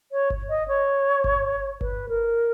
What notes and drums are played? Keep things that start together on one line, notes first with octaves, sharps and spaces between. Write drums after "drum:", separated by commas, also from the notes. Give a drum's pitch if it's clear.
C#5
drum: kick G1
D#5
C#5
drum: kick G1
B4, drum: kick G1
A#4